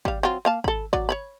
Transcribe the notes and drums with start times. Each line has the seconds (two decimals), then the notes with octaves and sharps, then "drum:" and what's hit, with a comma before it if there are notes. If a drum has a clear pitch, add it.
0.05 G3 F5, drum: kick G#1
0.23 F#3 C4 F4
0.45 A#3 F5 A5
0.64 A4 B5, drum: kick G#1
0.93 F#3 D5, drum: kick G#1
1.09 C#5 D5 B5